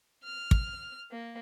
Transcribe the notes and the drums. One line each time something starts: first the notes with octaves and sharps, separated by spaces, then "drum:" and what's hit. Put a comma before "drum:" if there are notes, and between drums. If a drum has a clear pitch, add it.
F6
drum: kick
A#3